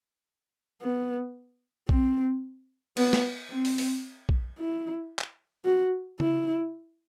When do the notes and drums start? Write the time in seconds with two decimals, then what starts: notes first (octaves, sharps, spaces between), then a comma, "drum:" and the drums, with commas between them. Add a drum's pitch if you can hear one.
0.82 B3
1.89 C4, drum: kick A#1
2.97 B3, drum: cymbal
3.13 drum: snare
3.50 C4
3.65 drum: open hi-hat
3.78 drum: open hi-hat
4.29 drum: kick A#1
4.59 E4
5.19 drum: clap
5.65 F#4
6.20 E4, drum: tom C#3